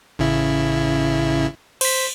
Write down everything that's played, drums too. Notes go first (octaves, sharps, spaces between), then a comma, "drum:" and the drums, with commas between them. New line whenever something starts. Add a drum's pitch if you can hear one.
A1 C#3 E4
C5 B6, drum: cymbal